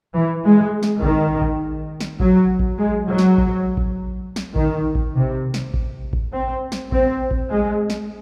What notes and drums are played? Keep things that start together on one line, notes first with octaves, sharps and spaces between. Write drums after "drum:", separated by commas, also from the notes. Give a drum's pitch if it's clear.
E3
G#3
drum: snare
D#3, drum: kick A1
drum: kick A1
drum: snare
F#3, drum: kick A1
drum: kick A1
G#3
F#3
drum: snare
drum: kick A1
drum: kick A1
drum: snare
D#3, drum: kick A1
drum: kick A1
C3
drum: snare
drum: kick A1
drum: kick A1
C4
drum: snare
C4, drum: kick A1
drum: kick A1
G#3
drum: snare